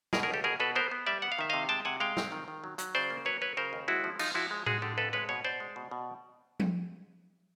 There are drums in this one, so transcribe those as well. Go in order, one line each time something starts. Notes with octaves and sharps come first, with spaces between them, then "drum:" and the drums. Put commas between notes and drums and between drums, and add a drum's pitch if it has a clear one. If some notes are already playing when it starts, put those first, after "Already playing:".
B2 G#4 A#4, drum: snare
G#4 A#4
C#2
G4 A4
B2 G#4 A#4
B2 A4 B4
B3 A#4 C5
B3
G3 D5 E5
B3 F#5
F5
D#3 E5
C3 D#5 F5
G#3 G5 A5
C3 F#5 G#5
G#3 F5 G5
C4, drum: snare
D#3
D#3
F#3
F#3, drum: hi-hat
C#3 C5 D5
A#3
F#3 B4 C#5
F#3 B4 C#5
C#3 A#4 C5
D#2
G#3 E4 F#4
F3
F3 D#4 F4, drum: cymbal
F3 E4 F#4
G#3
G#3 F#4 G#4, drum: tom A2
D3 G4 A4
F2 A4 B4
G#3 B4 C#5
B2 B4 C#5
B2 C5 D5
G#3
B2
B2
drum: tom F3